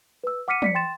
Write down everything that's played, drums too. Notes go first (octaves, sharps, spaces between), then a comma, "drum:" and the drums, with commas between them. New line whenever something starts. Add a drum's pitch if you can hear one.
B4 E6
F#5 D6 F6 B6 C#7 D#7
D5 B6 C#7, drum: tom
G5 C6 A6 E7